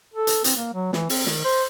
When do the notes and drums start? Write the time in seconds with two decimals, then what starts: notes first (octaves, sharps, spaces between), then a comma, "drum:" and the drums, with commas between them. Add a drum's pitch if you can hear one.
0.14 A4
0.27 drum: hi-hat
0.44 C4, drum: hi-hat
0.56 A#3
0.73 F#3
0.93 E3, drum: snare
1.09 C4, drum: open hi-hat
1.26 D#3, drum: snare
1.44 C5